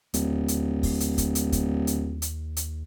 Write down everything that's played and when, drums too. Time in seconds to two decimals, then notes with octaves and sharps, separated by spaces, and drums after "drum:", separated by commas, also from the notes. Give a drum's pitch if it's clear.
0.14 D1 D#2, drum: hi-hat
0.48 drum: hi-hat
0.83 drum: kick, open hi-hat
1.00 drum: hi-hat
1.18 drum: kick, hi-hat
1.35 drum: hi-hat
1.52 drum: kick, hi-hat
1.87 drum: hi-hat
2.22 drum: hi-hat
2.57 drum: hi-hat